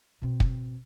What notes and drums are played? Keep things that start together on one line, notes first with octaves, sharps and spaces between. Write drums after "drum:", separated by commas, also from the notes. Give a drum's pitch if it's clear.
B2 C4
drum: kick